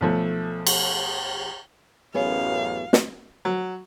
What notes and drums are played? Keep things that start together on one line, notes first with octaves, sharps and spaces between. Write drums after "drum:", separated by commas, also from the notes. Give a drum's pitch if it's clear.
B1 F3 A3
drum: cymbal
A1 F#2 B3 G#4 C#5 F5
drum: snare
F#3